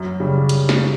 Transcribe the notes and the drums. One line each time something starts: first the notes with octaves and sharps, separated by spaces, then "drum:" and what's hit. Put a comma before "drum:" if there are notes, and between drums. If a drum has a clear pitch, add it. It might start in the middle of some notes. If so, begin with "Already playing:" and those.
Already playing: F#2
C#3 G3
drum: cymbal
drum: snare